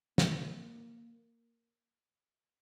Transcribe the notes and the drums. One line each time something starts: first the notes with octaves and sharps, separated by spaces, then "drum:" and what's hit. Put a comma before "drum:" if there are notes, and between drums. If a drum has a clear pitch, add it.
A#3, drum: snare